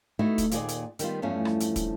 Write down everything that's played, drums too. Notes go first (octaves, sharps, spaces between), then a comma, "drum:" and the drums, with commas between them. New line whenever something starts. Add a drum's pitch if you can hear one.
A3 B3 D#4 E4 F#4
drum: kick, hi-hat
D#2 A#2 A#3 D#4 G#4 D5, drum: hi-hat
drum: hi-hat
D#3 G3 B3 F4, drum: hi-hat
E2 G2 F3 A3 C#4
drum: rim click
drum: hi-hat
drum: kick, hi-hat